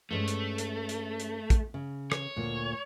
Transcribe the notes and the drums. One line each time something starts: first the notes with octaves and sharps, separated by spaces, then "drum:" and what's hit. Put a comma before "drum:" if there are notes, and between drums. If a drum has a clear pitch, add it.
G2 G#3 A3 C#4
drum: hi-hat
drum: hi-hat
drum: hi-hat
drum: hi-hat
drum: kick, hi-hat
C#3
C#5, drum: rim click
D2 A#2